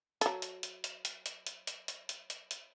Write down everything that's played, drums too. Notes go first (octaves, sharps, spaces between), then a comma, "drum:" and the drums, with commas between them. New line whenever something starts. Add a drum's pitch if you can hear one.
F#3 A4, drum: hi-hat
drum: hi-hat
drum: hi-hat
drum: hi-hat
drum: hi-hat
drum: hi-hat
drum: hi-hat
drum: hi-hat
drum: hi-hat
drum: hi-hat
drum: hi-hat
drum: hi-hat